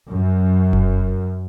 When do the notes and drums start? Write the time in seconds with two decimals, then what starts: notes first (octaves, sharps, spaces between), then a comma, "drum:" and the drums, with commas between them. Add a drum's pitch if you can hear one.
0.14 F#2
0.73 drum: kick F1